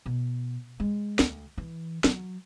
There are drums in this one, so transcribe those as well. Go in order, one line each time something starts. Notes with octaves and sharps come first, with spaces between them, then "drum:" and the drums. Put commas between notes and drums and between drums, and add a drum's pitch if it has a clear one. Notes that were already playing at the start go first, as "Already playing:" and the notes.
B2
G#3
D2, drum: snare
E3
F#3, drum: snare